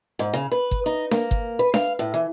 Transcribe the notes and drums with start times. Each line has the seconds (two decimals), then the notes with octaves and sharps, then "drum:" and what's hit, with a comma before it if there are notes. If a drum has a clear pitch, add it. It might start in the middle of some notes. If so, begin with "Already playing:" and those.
0.19 G#2
0.34 C#3
0.52 B4
0.71 drum: kick G1
0.86 D#4
1.11 A#3, drum: snare D4
1.31 drum: kick G1
1.59 B4
1.74 F5, drum: snare D4
1.99 A2
2.14 E3